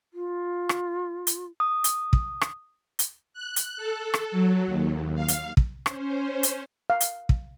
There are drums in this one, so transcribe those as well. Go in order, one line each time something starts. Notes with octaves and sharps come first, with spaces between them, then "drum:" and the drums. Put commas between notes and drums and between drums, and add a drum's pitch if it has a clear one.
F4
drum: rim click
drum: hi-hat
D#6
drum: hi-hat
drum: kick
drum: rim click
drum: hi-hat
F#6
drum: hi-hat
A4
drum: rim click
F#3
D#2
F5
drum: hi-hat
drum: kick
C#4 C5, drum: rim click
drum: hi-hat
F5
drum: hi-hat
drum: kick